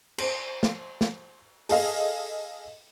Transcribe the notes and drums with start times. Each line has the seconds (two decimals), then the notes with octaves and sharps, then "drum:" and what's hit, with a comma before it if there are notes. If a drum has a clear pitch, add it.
0.18 C5, drum: cymbal
0.63 drum: snare
1.01 drum: snare
1.69 G#4 A4 D#5 F5, drum: open hi-hat